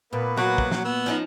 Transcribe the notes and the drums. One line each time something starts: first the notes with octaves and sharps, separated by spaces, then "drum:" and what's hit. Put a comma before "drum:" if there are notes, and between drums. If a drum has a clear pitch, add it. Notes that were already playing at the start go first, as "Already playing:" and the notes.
A#2 A#3 B3 B4
F#3 F#4
drum: kick
drum: snare
B3 E6
F3 C#4 D#4